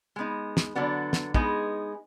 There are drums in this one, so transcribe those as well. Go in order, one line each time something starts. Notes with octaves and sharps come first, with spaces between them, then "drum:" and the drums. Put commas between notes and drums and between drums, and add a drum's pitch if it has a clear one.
G#3 B3 D#4
drum: snare
D3 F#3 B3 D4
drum: snare
G#3 B3 D#4 G#4, drum: kick